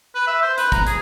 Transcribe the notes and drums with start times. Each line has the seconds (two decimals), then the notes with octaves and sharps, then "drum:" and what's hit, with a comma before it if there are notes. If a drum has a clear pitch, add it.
0.15 B4
0.27 E5
0.42 C5
0.58 B4, drum: hi-hat
0.72 A#5, drum: kick, hi-hat
0.87 G#4, drum: hi-hat